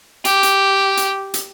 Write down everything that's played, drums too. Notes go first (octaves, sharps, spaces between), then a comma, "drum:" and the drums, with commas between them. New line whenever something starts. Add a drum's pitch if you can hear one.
G4, drum: hi-hat
drum: hi-hat
drum: hi-hat
drum: hi-hat